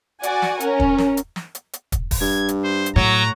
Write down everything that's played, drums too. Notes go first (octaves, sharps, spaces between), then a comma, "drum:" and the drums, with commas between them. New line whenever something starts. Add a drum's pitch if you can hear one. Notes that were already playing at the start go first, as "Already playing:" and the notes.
F#4 D5 F#5 G#5, drum: hi-hat
drum: snare
C#4 A#4, drum: hi-hat
drum: kick
drum: snare
drum: hi-hat
drum: snare
drum: hi-hat
drum: hi-hat
drum: kick, hi-hat
drum: kick, open hi-hat
G2 G#6
drum: hi-hat
C5
drum: hi-hat
A2 F#3 A#5